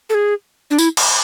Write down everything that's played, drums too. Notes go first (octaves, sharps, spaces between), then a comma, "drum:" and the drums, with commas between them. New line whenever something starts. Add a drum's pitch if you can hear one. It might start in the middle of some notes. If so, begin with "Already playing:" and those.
A4
G#4
D4
E4, drum: tambourine
drum: cymbal